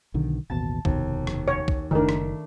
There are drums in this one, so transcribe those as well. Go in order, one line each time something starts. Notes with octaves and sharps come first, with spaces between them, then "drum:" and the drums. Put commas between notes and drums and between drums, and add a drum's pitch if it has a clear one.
B1 D3 D#3
A1 D#2 B2 A5 A6
F1 D#2 B2, drum: kick B1
drum: rim click
C#5
drum: kick B1
F#1 D#3 A3 D4 A#4
drum: rim click